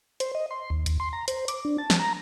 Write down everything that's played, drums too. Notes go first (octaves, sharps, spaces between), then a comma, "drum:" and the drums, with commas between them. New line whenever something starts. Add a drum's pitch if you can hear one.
C5, drum: hi-hat
D#5
C6
D#2
D#2, drum: hi-hat
C6
A#5
C5, drum: hi-hat
D6, drum: hi-hat
D4
A5
drum: snare
A#5